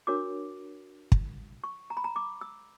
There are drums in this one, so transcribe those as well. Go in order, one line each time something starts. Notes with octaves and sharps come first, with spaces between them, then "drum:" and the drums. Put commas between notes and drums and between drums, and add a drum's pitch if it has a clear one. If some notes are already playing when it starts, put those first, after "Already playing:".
D4 F#4 A#4 C#5 D6
drum: kick
C#6
A#5
B5
A#5
D6
E6